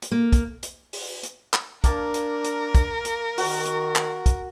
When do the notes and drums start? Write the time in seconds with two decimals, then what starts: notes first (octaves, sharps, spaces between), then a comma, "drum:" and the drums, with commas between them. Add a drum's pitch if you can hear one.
0.02 drum: hi-hat
0.11 A#3
0.32 drum: kick, hi-hat
0.63 drum: hi-hat
0.93 drum: open hi-hat
1.23 drum: hi-hat
1.54 drum: clap
1.84 A#3 D4 A#4 A5, drum: kick, hi-hat
2.14 drum: hi-hat
2.44 drum: hi-hat
2.75 drum: kick, hi-hat
3.05 drum: hi-hat
3.38 D#3 F#4, drum: open hi-hat
3.65 drum: hi-hat
3.96 drum: clap
4.26 drum: kick, hi-hat